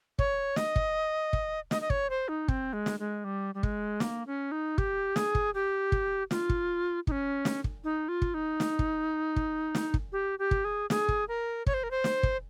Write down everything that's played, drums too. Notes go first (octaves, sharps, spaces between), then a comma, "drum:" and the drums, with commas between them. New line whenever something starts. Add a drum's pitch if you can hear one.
C#5, drum: kick
D#5, drum: snare
drum: kick
drum: kick
D#5, drum: snare
D#5
C#5, drum: kick
C5
D#4
C4, drum: kick
G#3
drum: snare
G#3
G3
G3
G#3, drum: kick
A#3, drum: snare
C#4
D#4
G4, drum: kick
G#4, drum: snare
drum: kick
G4
drum: kick
F4, drum: snare
drum: kick
D#4, drum: kick
C#4
drum: snare
drum: kick
D#4
F4
drum: kick
D#4
drum: snare
drum: kick
drum: kick
drum: snare
drum: kick
G4
G4
drum: kick
G#4
G#4, drum: snare
drum: kick
A#4
C#5, drum: kick
C5
A#4
C5
drum: snare
drum: kick